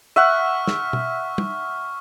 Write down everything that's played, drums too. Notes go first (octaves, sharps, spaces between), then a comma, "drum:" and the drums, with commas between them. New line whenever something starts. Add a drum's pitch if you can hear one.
E5 F#5 C#6 F6
drum: snare
drum: tom
drum: tom